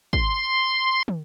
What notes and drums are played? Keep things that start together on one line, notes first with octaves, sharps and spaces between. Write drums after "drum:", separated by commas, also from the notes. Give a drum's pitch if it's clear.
C6, drum: kick
drum: tom